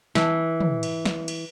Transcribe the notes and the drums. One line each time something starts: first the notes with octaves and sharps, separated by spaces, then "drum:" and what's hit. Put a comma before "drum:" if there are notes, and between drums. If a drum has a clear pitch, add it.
E3, drum: snare
drum: tom
drum: cymbal
drum: snare
drum: cymbal